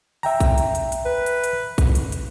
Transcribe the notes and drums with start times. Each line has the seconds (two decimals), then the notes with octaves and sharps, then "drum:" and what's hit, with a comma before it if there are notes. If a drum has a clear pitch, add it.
0.23 E5 G5 A#5, drum: open hi-hat
0.40 drum: kick A#1, hi-hat
0.58 drum: hi-hat
0.75 drum: hi-hat
0.92 drum: hi-hat
1.05 B4
1.26 drum: hi-hat
1.44 drum: hi-hat
1.78 drum: kick A#1, hi-hat
1.95 drum: hi-hat
2.12 drum: hi-hat